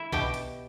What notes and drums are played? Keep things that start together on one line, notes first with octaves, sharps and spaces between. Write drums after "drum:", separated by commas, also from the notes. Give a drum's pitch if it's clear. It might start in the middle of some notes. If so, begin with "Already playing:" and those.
Already playing: E4 E5
B2 G4 G5, drum: kick B1
drum: hi-hat